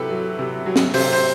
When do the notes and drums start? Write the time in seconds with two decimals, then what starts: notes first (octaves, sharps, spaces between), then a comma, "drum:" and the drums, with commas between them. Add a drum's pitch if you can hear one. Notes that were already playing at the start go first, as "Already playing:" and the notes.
Already playing: C3 F#3 E4 G4 A4 B4
0.11 F#3
0.39 C3
0.66 F#3
0.76 drum: snare
0.94 C3 C5, drum: open hi-hat
1.13 C5